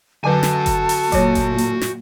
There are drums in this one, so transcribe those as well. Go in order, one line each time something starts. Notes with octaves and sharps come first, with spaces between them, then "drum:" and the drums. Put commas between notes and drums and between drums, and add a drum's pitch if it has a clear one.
D3 F#3 F#4 A4 B4 G#5 A5
drum: snare
drum: kick F#1, hi-hat
drum: open hi-hat
A#2 F#3 C#5, drum: kick F#1, hi-hat
drum: kick F#1, hi-hat
drum: hi-hat
drum: snare